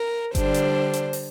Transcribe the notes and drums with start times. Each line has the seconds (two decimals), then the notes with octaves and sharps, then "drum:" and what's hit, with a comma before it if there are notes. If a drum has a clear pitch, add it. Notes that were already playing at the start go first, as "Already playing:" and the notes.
Already playing: A#4
0.35 D3 G3 D4 C5, drum: kick G1, hi-hat
0.54 drum: hi-hat
0.93 drum: hi-hat
1.13 drum: open hi-hat